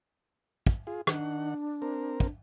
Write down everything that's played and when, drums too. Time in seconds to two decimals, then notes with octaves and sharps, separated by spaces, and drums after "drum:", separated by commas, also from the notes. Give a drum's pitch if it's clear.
0.67 drum: kick
0.87 F4 G#4
1.07 D#3 D4 F#5, drum: rim click
1.82 C4 A#4
2.20 drum: kick